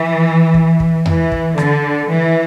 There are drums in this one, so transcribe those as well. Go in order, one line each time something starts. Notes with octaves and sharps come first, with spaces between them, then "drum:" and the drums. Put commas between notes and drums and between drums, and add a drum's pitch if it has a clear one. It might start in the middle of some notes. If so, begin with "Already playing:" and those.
Already playing: E3
drum: kick
drum: kick
E3, drum: tom E2
drum: kick
D3, drum: rim click
E3